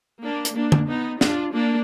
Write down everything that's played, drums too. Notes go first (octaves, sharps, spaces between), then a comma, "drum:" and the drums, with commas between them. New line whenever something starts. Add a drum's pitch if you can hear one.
A#3 D4
drum: hi-hat
A#3 D4
drum: tom
B3 D#4
D4 F4, drum: snare
A#3 D4